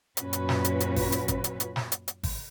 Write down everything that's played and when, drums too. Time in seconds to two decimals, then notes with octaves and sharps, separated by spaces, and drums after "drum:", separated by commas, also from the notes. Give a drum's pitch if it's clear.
0.17 F#2 A#2 C#4 F#4 B4, drum: hi-hat
0.33 drum: hi-hat
0.49 drum: snare
0.65 drum: hi-hat
0.80 drum: hi-hat
0.96 drum: kick, open hi-hat
1.12 drum: hi-hat
1.28 drum: kick, hi-hat
1.44 drum: hi-hat
1.60 drum: hi-hat
1.76 drum: snare
1.92 drum: hi-hat
2.08 drum: hi-hat
2.23 drum: kick, open hi-hat